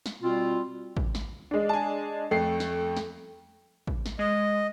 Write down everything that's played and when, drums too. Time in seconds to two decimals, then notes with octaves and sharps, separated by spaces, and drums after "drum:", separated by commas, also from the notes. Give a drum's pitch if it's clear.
0.06 drum: snare
0.23 B2 G3 C4 F4
0.97 drum: kick
1.15 drum: snare
1.51 G#3 D4
1.69 G#5 A5
2.31 F2 A3 C7
2.60 drum: snare
2.97 drum: snare
3.87 drum: kick
4.06 drum: snare
4.19 G#3 D#5